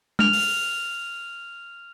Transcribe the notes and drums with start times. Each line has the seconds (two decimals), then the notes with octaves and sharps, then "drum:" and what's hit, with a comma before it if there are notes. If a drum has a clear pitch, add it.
0.19 F6 F7, drum: tom G#3
0.33 drum: open hi-hat